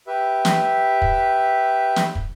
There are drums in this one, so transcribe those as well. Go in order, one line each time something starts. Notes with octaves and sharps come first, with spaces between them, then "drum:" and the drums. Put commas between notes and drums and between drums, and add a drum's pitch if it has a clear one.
G4 B4 E5
drum: snare
drum: kick
drum: snare
drum: kick